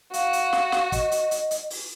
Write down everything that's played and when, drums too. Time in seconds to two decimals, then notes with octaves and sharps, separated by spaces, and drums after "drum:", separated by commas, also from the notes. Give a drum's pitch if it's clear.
0.14 F#4 F5, drum: hi-hat
0.33 drum: hi-hat
0.53 drum: snare
0.72 drum: snare
0.92 D#5, drum: kick, hi-hat
1.11 drum: hi-hat
1.31 drum: hi-hat
1.51 drum: hi-hat
1.70 drum: open hi-hat